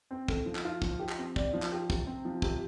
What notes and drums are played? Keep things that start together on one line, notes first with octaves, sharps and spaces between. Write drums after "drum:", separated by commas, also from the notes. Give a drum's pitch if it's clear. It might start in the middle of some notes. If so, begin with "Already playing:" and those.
C4
A4, drum: kick
F3
drum: clap
F4
F3, drum: kick
G4
drum: clap
C4
D5, drum: kick
F3
drum: clap
G4
C3, drum: kick
C4
F3
C3, drum: kick